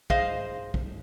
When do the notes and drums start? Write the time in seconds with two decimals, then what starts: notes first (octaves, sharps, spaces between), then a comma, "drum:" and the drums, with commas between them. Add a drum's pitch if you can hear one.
0.10 G#4 C5 D#5 F5, drum: kick A#1
0.74 drum: kick A#1